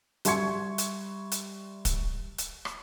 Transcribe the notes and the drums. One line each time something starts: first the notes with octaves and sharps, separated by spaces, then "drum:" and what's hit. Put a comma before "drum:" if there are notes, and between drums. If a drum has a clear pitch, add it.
G3 E5 C6 C#6 G#6 C#7, drum: hi-hat
drum: hi-hat
drum: hi-hat
drum: kick, hi-hat
drum: hi-hat
drum: rim click